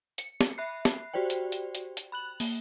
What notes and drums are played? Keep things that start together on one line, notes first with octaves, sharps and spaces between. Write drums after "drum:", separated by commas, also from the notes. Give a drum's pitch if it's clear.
C#7, drum: hi-hat
drum: snare
E5 B5 F#6 C7
drum: snare
F#4 G4 C5 D5 G5
drum: hi-hat
drum: hi-hat
drum: hi-hat
drum: hi-hat
B5 F#6 F#7
A#3, drum: open hi-hat